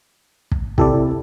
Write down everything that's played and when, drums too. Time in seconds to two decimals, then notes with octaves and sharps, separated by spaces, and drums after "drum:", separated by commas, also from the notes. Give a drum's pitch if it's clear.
0.51 drum: kick
0.78 C3 E4 G4 A4 D5, drum: kick